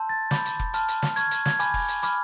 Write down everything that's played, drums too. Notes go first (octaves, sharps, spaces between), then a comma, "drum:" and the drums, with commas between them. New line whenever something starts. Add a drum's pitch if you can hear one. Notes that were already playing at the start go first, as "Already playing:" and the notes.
Already playing: A5 C6 E6 G6
A6
B5 D6 G6, drum: snare
drum: hi-hat
drum: kick F1
A5 C6 F6, drum: hi-hat
drum: hi-hat
drum: snare
C#6 F6 G#6, drum: hi-hat
drum: hi-hat
G#6, drum: snare
G#5 B5 D6 G6, drum: hi-hat
drum: kick F1, open hi-hat
drum: hi-hat
B5 D6 F6, drum: hi-hat